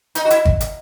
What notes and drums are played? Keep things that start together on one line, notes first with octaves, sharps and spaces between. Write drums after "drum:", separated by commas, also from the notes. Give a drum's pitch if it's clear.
D#4, drum: hi-hat
F#4
E4, drum: hi-hat
drum: kick G#1
drum: hi-hat